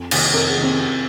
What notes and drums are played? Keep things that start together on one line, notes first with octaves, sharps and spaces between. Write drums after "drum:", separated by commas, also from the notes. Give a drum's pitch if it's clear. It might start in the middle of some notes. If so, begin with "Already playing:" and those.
Already playing: F2
C3 D#3 A#3, drum: cymbal
F2 A#4
G#4
C3 D#3 A#3
C4
C3